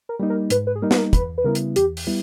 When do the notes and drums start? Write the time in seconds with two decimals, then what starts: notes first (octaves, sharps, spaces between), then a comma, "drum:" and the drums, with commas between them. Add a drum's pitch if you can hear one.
0.09 A#4
0.20 G3 A#3 D#4
0.30 A#4
0.50 G#2 B4, drum: hi-hat
0.67 B4
0.76 G#4
0.82 G3 A#3 D#4 A#4
0.91 B4, drum: snare
0.98 A#4
1.13 E2 B4, drum: kick, hi-hat
1.38 B4
1.44 C#3 G3 B3 E4 A#4
1.55 drum: hi-hat
1.76 E2 G4, drum: hi-hat
1.97 drum: open hi-hat
2.07 G3 B3 E4